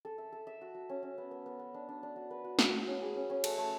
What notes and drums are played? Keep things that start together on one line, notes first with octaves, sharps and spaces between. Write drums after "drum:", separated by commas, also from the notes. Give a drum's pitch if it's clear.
A4
E5
A4
E5
F#4
F#4
C#4
C#4
B3
B3
B3
B3
D4
D4
D4
F#4
B4
F#4
F#4, drum: snare
F#4
C#4
G#4
C#4
C#4
A3, drum: cymbal
A3